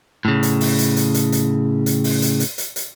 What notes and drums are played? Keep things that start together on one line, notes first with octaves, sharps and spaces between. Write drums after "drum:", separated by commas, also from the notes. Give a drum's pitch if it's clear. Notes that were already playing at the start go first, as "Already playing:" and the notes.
A2 C#3
drum: hi-hat
drum: open hi-hat
drum: hi-hat
drum: hi-hat
drum: hi-hat
drum: hi-hat
drum: hi-hat
drum: open hi-hat
drum: hi-hat
drum: hi-hat
drum: hi-hat
drum: hi-hat